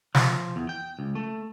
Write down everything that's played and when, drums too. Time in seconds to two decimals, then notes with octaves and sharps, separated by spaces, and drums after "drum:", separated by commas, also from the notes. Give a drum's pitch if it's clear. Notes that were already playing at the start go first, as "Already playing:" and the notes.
0.15 F3, drum: snare
0.56 E2
0.69 G5
0.99 C#2
1.15 A3